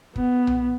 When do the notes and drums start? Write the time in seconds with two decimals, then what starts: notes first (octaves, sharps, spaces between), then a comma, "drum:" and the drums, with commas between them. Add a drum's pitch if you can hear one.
0.16 B3, drum: kick
0.47 drum: tom B1